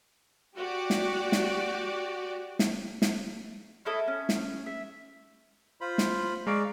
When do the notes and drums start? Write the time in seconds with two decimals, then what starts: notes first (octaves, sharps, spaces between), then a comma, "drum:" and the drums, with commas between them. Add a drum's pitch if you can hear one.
0.56 F#4 G4 D5
0.90 drum: snare
1.32 drum: snare
2.59 drum: snare
3.02 drum: snare
3.85 C#4 E4 A4 D#5
4.08 C#4
4.29 drum: snare
4.66 E5
5.81 F4 C5 B5
5.98 drum: snare
6.47 G#3 D5 F5 A#5 C#6 D7